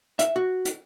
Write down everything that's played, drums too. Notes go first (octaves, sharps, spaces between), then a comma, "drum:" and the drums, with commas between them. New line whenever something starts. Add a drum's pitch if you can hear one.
E5, drum: hi-hat
F#4
drum: hi-hat